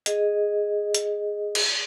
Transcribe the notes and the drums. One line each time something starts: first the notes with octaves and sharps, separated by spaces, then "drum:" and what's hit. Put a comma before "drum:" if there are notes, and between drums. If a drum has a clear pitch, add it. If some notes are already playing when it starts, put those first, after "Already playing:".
G#4 D#5, drum: hi-hat
drum: hi-hat
drum: cymbal